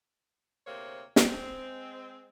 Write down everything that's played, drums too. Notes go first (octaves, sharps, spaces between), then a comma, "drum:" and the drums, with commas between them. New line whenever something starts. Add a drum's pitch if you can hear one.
D2 C3 A#3 C5 C#5
G#3 C4, drum: snare